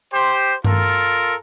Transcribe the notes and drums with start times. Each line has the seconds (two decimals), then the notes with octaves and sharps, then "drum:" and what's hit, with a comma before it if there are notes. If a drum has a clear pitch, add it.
0.12 G4 C5
0.64 F4 A4 A#4, drum: tom G2